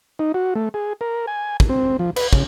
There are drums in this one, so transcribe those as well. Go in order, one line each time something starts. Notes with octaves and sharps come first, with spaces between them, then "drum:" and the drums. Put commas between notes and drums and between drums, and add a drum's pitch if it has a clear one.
D#4
F#4
A3
G#4
A#4
G#5
drum: kick
C4
F3
B4, drum: cymbal
C#3, drum: kick